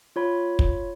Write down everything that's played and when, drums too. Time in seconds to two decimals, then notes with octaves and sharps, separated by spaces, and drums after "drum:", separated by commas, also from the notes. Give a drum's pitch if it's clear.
0.16 F4 C#5 B5
0.59 drum: kick